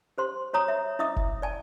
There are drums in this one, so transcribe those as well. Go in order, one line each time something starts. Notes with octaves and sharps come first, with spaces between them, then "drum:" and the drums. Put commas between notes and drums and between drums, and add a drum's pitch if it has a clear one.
G4 C5 C6
F#4 C#5 A#5 D#6
E5
E4 D#5 E5 D6 D#6
drum: kick F1
D5 G#5 A5